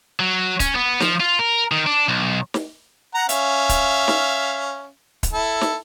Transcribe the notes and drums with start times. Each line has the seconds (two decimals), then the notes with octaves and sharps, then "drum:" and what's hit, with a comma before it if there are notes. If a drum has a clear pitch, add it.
0.20 F#3
0.60 C#4, drum: kick, hi-hat
0.75 B3
1.00 F3, drum: snare
1.20 F4
1.39 A#4
1.72 D#3
1.86 D4
2.08 B1
2.54 drum: snare
3.15 F#5 A#5
3.29 C#4 E5 F5, drum: hi-hat
3.69 drum: kick, hi-hat
4.08 drum: snare
5.23 drum: kick, hi-hat
5.33 E4 A4
5.61 drum: snare